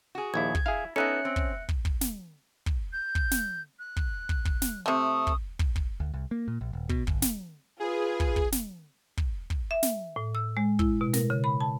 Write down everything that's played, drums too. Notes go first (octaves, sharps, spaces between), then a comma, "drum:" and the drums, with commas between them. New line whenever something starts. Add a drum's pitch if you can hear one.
F#4 G#4
A#1 D#2 E4 G#6
drum: kick
E4 G#4 F5
B3 C#4 D#4 A4 E5 F#6 C#7
C4
drum: kick
drum: kick
drum: kick
drum: snare
drum: kick
G6
drum: kick
drum: snare
F#6
drum: kick
drum: kick
drum: kick
drum: snare
C3 A3 D#6
drum: kick
drum: kick
drum: kick
D2
C2
A#3
A#2
A#1
D#1
B2, drum: kick
G1, drum: kick
drum: snare
F4 G#4 B4
drum: kick
drum: kick
drum: snare
drum: kick
drum: kick
E5
drum: snare
A2
E6
G#3
E4, drum: kick
B2
A#4, drum: snare
C#3
B5
A5